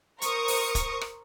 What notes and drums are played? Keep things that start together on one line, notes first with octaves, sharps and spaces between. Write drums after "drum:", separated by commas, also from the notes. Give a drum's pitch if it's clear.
A#4 C5 C#6 D#6, drum: hi-hat
drum: open hi-hat
drum: kick, hi-hat
drum: rim click